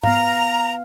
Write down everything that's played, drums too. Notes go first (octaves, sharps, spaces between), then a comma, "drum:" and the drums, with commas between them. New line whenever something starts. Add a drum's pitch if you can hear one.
B3 F5 A#5, drum: tom G#2